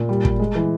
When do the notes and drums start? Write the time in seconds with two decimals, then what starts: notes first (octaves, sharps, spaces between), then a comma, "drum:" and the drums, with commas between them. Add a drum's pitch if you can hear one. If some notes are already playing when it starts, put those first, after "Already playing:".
Already playing: A#2
0.09 G3
0.25 G3, drum: kick
0.39 G#3
0.55 E3